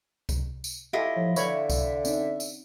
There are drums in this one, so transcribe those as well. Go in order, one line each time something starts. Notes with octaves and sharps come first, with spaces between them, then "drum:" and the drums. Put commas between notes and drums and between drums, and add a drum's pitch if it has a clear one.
drum: kick C2, tambourine
drum: tambourine
E4 F4 G4 A4 D#5 F5
A2 F3
D3 B4 C#5 E5 B5, drum: tambourine
drum: kick C2, tambourine
C4 C#4 D#4, drum: tambourine
drum: tambourine